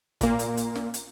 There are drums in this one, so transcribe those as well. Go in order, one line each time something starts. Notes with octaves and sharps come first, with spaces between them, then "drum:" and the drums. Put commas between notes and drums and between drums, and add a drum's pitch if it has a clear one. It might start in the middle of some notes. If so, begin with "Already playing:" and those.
A#2 A#3, drum: kick, hi-hat
drum: hi-hat
drum: hi-hat
drum: snare
drum: hi-hat